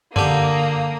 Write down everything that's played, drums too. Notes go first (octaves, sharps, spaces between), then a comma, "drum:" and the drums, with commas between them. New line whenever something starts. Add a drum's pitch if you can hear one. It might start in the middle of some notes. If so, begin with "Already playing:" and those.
D3 A#3 G4 D#6, drum: tom F#2